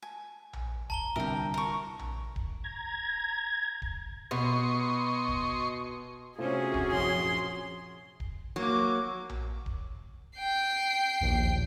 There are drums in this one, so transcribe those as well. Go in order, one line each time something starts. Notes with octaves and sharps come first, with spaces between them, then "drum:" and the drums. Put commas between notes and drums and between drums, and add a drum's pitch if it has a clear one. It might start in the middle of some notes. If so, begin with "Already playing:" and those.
G#5
drum: tom A#1
A5 A#5 G7, drum: kick D1
C2 D3 A#4 E5 G5
A#4 C#6
drum: tom A#1
drum: kick D1
A#5 G#6
drum: kick D1
B2 D#5 C6 C#6
drum: kick D1
C3 A3 C#4 F4 F#4 G#4 C5
drum: kick D1
A#1 F#2 C6
drum: kick D1
F#3 A#3 D6
drum: tom A#1
drum: kick D1
G5 C7
A#1 D#2